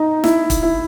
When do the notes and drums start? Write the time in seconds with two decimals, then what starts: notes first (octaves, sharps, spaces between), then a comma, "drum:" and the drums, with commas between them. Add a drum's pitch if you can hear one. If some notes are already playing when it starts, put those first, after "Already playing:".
Already playing: D#4
0.24 E4, drum: snare
0.50 drum: kick, hi-hat
0.63 E4